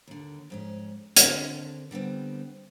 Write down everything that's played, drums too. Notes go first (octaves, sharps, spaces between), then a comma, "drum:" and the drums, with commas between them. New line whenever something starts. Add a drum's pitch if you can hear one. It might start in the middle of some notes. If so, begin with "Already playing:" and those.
D#2 D3
F2 G#2 C#4
D#2 D3 C4 D4, drum: hi-hat
D3 G3 B3 C4